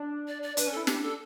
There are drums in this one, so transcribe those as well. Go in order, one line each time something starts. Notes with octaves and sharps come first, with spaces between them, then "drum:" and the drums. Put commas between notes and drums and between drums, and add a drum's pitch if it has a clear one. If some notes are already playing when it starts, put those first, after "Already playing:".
Already playing: D4
D5
D5
D4 B4, drum: hi-hat
C#4
E4 A4
D4 G4, drum: snare
A4